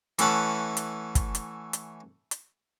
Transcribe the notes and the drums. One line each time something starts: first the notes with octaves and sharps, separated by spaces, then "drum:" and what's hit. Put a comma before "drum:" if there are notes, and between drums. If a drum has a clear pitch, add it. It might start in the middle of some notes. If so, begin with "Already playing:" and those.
E3 A3 C#4 F#5 A5 B5, drum: hi-hat
drum: hi-hat
drum: kick, hi-hat
drum: hi-hat
drum: hi-hat
drum: hi-hat